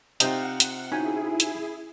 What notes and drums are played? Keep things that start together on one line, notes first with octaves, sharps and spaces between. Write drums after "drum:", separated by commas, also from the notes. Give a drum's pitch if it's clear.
C3 D4 D#4 F4 F#5 G5, drum: hi-hat
drum: hi-hat
C#4 D#4 E4 F#4 G#4 G5 G#5
drum: hi-hat